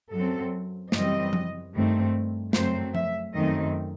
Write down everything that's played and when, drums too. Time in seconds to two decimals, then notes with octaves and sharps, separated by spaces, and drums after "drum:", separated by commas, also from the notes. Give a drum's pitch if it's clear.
0.11 F#2 F#3 C4 A4
0.92 F#2 E3 G3 C4 D#5, drum: snare
1.33 drum: tom F3
1.73 G2 D#3 A3 C4
2.53 F#2 F#3 A3 C4 C5, drum: snare
2.95 E5, drum: tom F3
3.34 F#2 D#3 A3 C4 D#5